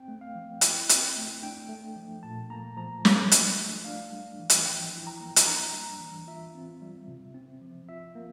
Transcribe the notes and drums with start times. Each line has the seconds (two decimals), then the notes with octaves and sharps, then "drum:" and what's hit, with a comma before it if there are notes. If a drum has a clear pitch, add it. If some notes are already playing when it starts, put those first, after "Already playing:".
Already playing: C4 G5
0.08 A3
0.21 F5
0.35 F3
0.61 E4 G5, drum: hi-hat
0.89 C4, drum: hi-hat
1.16 A3
1.43 D4 G5
1.69 A3
1.96 F3
2.23 A#2 A5
2.50 A#3 A#5
2.77 F3 A#5
3.05 F4, drum: snare
3.32 D4, drum: hi-hat
3.58 A3
3.84 D4 F5
4.12 G3
4.39 E3
4.50 drum: hi-hat
4.65 F3 G5
4.93 E4
5.07 A#5
5.20 A#3
5.36 drum: hi-hat
5.46 D4 A#5
5.73 G3
6.00 E3
6.27 F4 E5
6.55 C4
6.81 G3
7.08 C3
7.34 C4
7.61 F3
7.89 F4 E5
8.15 A#3